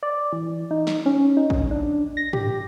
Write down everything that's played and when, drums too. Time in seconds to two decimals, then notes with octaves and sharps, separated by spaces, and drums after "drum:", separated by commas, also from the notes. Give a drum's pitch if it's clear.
0.03 D5
0.32 E3
0.71 D#4
0.87 drum: snare
1.06 C#4
1.37 D#4
1.50 drum: kick
1.71 D4
2.17 A#6
2.33 G4, drum: tom